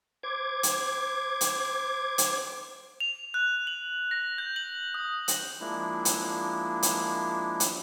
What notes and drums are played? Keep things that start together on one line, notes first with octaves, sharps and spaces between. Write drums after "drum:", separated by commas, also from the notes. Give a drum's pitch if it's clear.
C5 D6 G#6
drum: hi-hat
drum: hi-hat
drum: hi-hat
F7
F#6
F#7
A#6
G6
F#7
D#6
drum: hi-hat
F3 G#3 A#3 D4 E4
drum: hi-hat
drum: hi-hat
drum: hi-hat